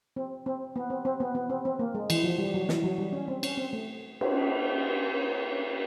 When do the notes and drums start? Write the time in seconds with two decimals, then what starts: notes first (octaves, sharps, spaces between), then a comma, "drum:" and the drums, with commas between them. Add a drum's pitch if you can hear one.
0.16 C4
0.46 C4
0.76 B3
0.90 C4
1.05 C4
1.20 B3
1.35 B3
1.50 C4
1.65 C4
1.79 A#3
1.94 G#3
2.10 E3, drum: cymbal
2.24 F3
2.38 G3
2.54 F#3
2.69 E3, drum: snare
2.84 F#3
2.98 G3
3.13 C#4
3.28 C4
3.43 C#4, drum: cymbal
3.57 C4
3.73 A3
4.21 drum: cymbal